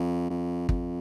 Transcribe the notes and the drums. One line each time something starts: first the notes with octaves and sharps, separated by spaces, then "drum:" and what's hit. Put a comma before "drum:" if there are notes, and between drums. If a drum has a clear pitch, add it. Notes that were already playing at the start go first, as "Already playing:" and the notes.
Already playing: F2
F2
F2, drum: kick